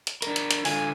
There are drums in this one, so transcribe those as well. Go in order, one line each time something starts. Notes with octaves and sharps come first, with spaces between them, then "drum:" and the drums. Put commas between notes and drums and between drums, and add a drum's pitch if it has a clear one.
drum: hi-hat
D4 A#4, drum: hi-hat
drum: hi-hat
drum: hi-hat
D3 F4 G#5, drum: open hi-hat